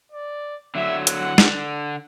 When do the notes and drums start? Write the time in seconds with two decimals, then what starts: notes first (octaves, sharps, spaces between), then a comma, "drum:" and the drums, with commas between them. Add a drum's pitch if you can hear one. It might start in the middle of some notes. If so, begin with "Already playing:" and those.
0.12 D5
0.75 D3 F#3 E5
1.07 F#5, drum: hi-hat
1.38 D3, drum: snare